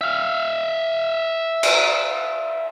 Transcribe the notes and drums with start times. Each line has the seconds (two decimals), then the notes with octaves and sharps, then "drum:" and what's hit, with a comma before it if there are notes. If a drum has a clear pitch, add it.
0.01 E5 F5
1.63 drum: cymbal